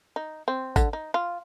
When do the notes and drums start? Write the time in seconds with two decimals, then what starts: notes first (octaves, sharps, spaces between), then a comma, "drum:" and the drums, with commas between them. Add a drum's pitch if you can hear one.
0.16 D#4
0.48 C4
0.76 D3, drum: kick, tambourine
0.93 D#4
1.14 F4